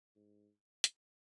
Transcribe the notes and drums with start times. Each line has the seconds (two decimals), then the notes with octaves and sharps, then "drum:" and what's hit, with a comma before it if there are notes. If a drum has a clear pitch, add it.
0.16 G#2
0.84 drum: hi-hat